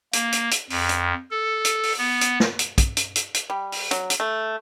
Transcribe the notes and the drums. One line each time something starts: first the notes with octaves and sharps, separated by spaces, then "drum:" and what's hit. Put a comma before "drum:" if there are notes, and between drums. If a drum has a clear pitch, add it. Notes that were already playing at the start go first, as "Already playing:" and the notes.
A#3, drum: hi-hat
drum: hi-hat
drum: hi-hat
F2, drum: open hi-hat
drum: hi-hat
A4
drum: hi-hat
drum: open hi-hat
B3
drum: hi-hat
drum: snare
drum: hi-hat
drum: kick, hi-hat
drum: hi-hat
drum: hi-hat
drum: hi-hat
G3
drum: open hi-hat
F#3, drum: hi-hat
drum: hi-hat
A3